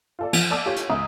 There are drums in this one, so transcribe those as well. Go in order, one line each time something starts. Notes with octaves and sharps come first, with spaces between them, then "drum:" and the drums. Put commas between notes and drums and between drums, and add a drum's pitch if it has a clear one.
F4 A4 D5
F3, drum: cymbal
A4 D5 A5 D6 E6
F4 G4 A4 C#5
drum: hi-hat
C#2 E5 F5 A#5 D#6 E6